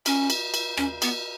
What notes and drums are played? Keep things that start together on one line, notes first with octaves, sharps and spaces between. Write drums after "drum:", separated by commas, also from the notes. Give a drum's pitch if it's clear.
C#4, drum: cymbal
drum: cymbal
drum: cymbal
C#4, drum: rim click
B3, drum: cymbal